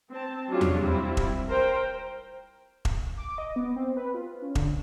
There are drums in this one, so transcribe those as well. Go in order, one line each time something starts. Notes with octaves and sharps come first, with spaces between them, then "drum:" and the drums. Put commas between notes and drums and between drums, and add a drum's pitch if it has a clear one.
C4 A5
F#3 G#3 C#4 D4 F4 G4
drum: tom E2
G3 C4 E4 F4
drum: kick E1
A#4 C5 G5
drum: kick E1
D6
D#5
B3
C4
B4
F4
C#4
D3, drum: kick E1